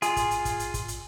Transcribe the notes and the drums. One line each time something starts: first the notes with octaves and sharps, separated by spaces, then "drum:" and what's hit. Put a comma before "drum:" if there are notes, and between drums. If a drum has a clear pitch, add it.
F4 G#4, drum: hi-hat
drum: kick, hi-hat
drum: hi-hat
drum: kick, hi-hat
drum: hi-hat
drum: kick, hi-hat
drum: hi-hat